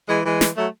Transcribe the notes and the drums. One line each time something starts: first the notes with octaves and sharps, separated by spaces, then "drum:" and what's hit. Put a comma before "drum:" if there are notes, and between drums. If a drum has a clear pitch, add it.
E3 G#3
E3 G#3
drum: snare
F#3 A3